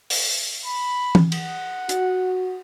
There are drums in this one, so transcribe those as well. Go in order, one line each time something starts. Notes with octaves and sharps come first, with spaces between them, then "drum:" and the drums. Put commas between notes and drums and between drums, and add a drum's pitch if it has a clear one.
drum: open hi-hat
B5
drum: tom
F#5, drum: cymbal
F#4, drum: hi-hat